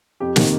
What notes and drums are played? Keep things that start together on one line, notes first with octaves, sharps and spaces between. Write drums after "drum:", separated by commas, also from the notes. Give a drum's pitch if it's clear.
F2 G4
C3 D#3 A#3 D#4, drum: snare